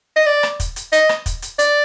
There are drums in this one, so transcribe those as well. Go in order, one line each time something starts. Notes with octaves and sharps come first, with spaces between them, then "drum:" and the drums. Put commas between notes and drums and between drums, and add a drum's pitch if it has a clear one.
D#5
D5
drum: rim click
drum: kick, hi-hat
drum: hi-hat
D#5, drum: hi-hat
drum: rim click
drum: kick, hi-hat
drum: hi-hat
D5, drum: hi-hat